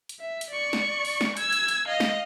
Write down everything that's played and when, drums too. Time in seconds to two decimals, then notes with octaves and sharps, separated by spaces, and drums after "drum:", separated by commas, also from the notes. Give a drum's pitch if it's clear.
0.09 drum: hi-hat
0.20 E5
0.41 drum: hi-hat
0.50 D5 C#6
0.73 drum: snare
1.05 drum: open hi-hat
1.21 drum: snare
1.37 E6 G#6, drum: hi-hat
1.53 drum: hi-hat
1.68 drum: hi-hat
1.88 D#5 F5
2.00 drum: snare